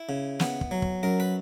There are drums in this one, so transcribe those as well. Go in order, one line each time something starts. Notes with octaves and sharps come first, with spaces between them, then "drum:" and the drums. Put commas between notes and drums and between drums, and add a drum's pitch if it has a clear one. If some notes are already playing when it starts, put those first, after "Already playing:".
Already playing: E4
C#3
B3, drum: snare
drum: kick
F#3
drum: kick
F#2 A#4
B4